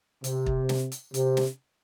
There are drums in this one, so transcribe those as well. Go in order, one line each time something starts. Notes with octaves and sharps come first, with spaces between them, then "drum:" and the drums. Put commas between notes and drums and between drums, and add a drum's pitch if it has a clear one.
C3, drum: hi-hat
drum: kick
drum: snare
drum: hi-hat
C3, drum: hi-hat
drum: snare